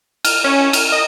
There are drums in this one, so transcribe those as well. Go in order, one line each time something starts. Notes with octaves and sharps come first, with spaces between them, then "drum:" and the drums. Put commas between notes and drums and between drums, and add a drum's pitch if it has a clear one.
F6, drum: cymbal
C#4
F6, drum: cymbal
D#5